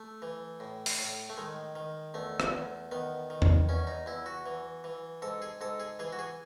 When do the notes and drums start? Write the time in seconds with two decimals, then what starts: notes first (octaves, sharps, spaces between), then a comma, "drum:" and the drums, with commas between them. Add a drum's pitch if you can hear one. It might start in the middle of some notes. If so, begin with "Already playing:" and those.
Already playing: A3
0.22 E3
0.60 A2
0.86 drum: open hi-hat
0.99 A2
1.30 A3
1.37 D#3 G#3
1.75 D#3
2.14 E2 A3
2.40 drum: rim click
2.52 E2
2.92 D#3 B3
3.30 D#3
3.42 drum: tom E2
3.69 E2 C#4
3.87 D#4
4.06 E2 E4
4.26 F#4
4.46 E3
4.84 E3
5.22 G#2 A4
5.42 G#4
5.61 G#2 A4
5.80 G#4
5.99 E3 G#4
6.12 F#4
6.19 G#4